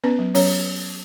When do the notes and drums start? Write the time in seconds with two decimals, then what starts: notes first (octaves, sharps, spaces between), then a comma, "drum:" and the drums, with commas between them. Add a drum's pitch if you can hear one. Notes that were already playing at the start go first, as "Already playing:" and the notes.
0.04 B3 C#4 B4
0.19 F#3
0.35 F#3 C#4 C#5, drum: open hi-hat